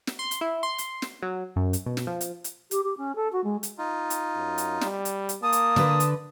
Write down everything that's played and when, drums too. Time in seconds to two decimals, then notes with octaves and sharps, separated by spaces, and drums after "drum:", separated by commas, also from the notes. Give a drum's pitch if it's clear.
0.07 drum: snare
0.19 C6
0.31 drum: hi-hat
0.41 E4
0.63 C6
0.78 drum: hi-hat
1.02 drum: snare
1.22 F#3
1.56 F#2
1.73 drum: hi-hat
1.86 B2
1.97 drum: snare
2.07 F3
2.21 drum: hi-hat
2.44 drum: hi-hat
2.71 G4, drum: hi-hat
2.84 G4
2.97 C#4
3.16 A4
3.33 F#4
3.44 G#3
3.63 drum: hi-hat
3.78 D#4 F4
4.10 drum: hi-hat
4.36 F#2
4.58 drum: hi-hat
4.81 G3, drum: snare
5.05 drum: hi-hat
5.29 drum: hi-hat
5.43 A#3 A5 D#6
5.52 drum: hi-hat
5.76 D3 B4, drum: snare
6.00 drum: hi-hat